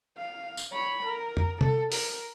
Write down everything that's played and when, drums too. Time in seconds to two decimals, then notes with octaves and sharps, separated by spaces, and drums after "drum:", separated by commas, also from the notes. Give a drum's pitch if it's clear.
0.18 F5
0.57 drum: tambourine
0.72 C#5 B5
1.05 A#4
1.37 drum: tom F2
1.61 A4, drum: tom
1.92 A#4, drum: open hi-hat